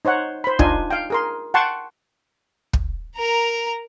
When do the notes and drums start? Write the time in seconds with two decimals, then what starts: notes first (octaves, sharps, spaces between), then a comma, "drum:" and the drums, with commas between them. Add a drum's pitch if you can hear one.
0.05 D#4 C5 C#5 F#5
0.44 C5 B5
0.59 D4 D#4 F4 G#5, drum: kick
0.91 F5 G5
1.10 G#4 A#4 C6
1.54 F#5 G5 A5 C6 C#6
2.73 drum: kick
3.16 A#4 A#5